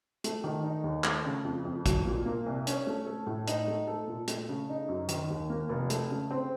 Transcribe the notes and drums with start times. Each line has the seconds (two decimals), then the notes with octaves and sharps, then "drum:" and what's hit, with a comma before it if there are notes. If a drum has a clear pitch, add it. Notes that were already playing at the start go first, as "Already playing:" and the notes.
0.24 A3, drum: hi-hat
0.44 D#3
0.64 D#4
0.84 D#2
1.04 A3, drum: clap
1.25 C#3
1.45 F2
1.65 F2
1.86 F#3, drum: kick, hi-hat
2.05 A#2
2.26 A#3
2.46 C2
2.67 C#4, drum: hi-hat
2.87 A3
3.06 A4
3.27 A2
3.47 D#4, drum: hi-hat
3.68 A3
3.87 A4
4.07 A#2
4.28 A3, drum: hi-hat
4.49 C#3
4.69 D#4
4.88 F#2
5.09 D#3, drum: hi-hat
5.30 D#2
5.50 A#3
5.69 F1
5.90 A3, drum: hi-hat
6.11 C#3
6.31 C4